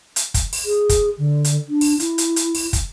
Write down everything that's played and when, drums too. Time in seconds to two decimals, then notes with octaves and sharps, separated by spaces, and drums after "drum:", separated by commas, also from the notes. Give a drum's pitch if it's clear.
0.16 drum: hi-hat
0.34 drum: kick, hi-hat
0.53 drum: open hi-hat
0.65 G#4
0.89 drum: kick, hi-hat
1.18 D3
1.44 drum: hi-hat
1.69 D4
1.81 drum: open hi-hat
2.00 E4, drum: hi-hat
2.18 drum: hi-hat
2.36 drum: hi-hat
2.55 drum: open hi-hat
2.73 drum: kick, hi-hat